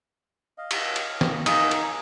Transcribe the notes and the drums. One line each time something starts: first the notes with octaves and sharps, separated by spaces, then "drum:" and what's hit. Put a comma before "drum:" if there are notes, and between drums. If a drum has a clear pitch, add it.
D#5 F5
drum: cymbal
drum: cymbal
drum: snare
A#3 D#4 G#4, drum: cymbal
drum: cymbal